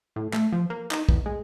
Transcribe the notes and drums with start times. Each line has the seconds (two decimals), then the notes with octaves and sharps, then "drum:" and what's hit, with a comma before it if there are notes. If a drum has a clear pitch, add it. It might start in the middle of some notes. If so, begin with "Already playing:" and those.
0.16 A2
0.33 A3, drum: clap
0.52 F3
0.70 A#3
0.91 D#4, drum: clap
1.09 E2, drum: kick
1.26 G#3